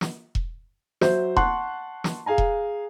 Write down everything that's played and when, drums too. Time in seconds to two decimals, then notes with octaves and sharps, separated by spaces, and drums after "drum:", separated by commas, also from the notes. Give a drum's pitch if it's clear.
0.01 drum: snare
0.35 drum: kick E1
1.01 F#3 C5 E5, drum: snare
1.37 F#5 A5 C6 C#6 F#6, drum: kick E1
2.04 drum: snare
2.26 G#4 F5 G#5 A#5
2.38 drum: kick E1